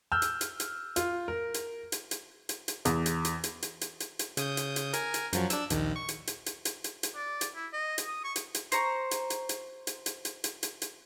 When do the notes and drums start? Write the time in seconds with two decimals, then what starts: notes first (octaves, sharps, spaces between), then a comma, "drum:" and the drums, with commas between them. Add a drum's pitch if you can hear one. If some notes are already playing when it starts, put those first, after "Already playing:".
0.12 E6 F6 G6
0.22 drum: hi-hat
0.41 drum: hi-hat
0.60 drum: hi-hat
0.96 F4, drum: hi-hat
1.28 A#4
1.54 drum: hi-hat
1.92 drum: hi-hat
2.11 drum: hi-hat
2.49 drum: hi-hat
2.68 drum: hi-hat
2.85 E2, drum: hi-hat
3.06 drum: hi-hat
3.25 drum: hi-hat
3.44 drum: hi-hat
3.62 drum: hi-hat
3.81 drum: hi-hat
4.00 drum: hi-hat
4.19 drum: hi-hat
4.37 C#3 D#6 G6, drum: hi-hat
4.57 drum: hi-hat
4.76 drum: hi-hat
4.93 A#4 G#5, drum: hi-hat
5.14 drum: hi-hat
5.33 F#2 F3 F#3, drum: hi-hat
5.50 D4 E6, drum: hi-hat
5.70 A#1 D#2 D#3, drum: hi-hat
5.96 C#6
6.08 drum: hi-hat
6.27 drum: hi-hat
6.46 drum: hi-hat
6.65 drum: hi-hat
6.84 drum: hi-hat
7.03 drum: hi-hat
7.15 D5
7.41 drum: hi-hat
7.55 E4
7.73 D#5
7.98 drum: hi-hat
8.07 D#6
8.24 C#6
8.36 drum: hi-hat
8.55 drum: hi-hat
8.72 C5 A#5 C#6, drum: hi-hat
9.11 drum: hi-hat
9.30 drum: hi-hat
9.49 drum: hi-hat
9.87 drum: hi-hat
10.06 drum: hi-hat
10.25 drum: hi-hat
10.44 drum: hi-hat
10.63 drum: hi-hat
10.82 drum: hi-hat